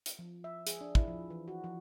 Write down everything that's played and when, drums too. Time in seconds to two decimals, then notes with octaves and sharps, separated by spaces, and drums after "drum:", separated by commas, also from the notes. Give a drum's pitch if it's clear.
0.06 drum: hi-hat
0.19 F3
0.44 E5
0.67 G#4, drum: hi-hat
0.81 D4
0.95 E4, drum: kick
1.08 F3
1.30 E3
1.48 F#4
1.64 F3